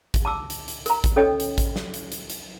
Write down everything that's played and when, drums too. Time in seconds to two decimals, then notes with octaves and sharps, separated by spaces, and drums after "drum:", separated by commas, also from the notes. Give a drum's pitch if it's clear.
0.14 drum: kick A1, hi-hat
0.25 A5 D6 E6
0.50 drum: hi-hat
0.68 drum: hi-hat
0.86 A#4 A#5, drum: hi-hat
1.04 drum: kick A1, hi-hat
1.16 C#4 A4 C#5 D#5 G5
1.40 drum: hi-hat
1.58 drum: kick A1, hi-hat
1.76 drum: snare
1.94 drum: hi-hat
2.12 drum: hi-hat
2.30 drum: hi-hat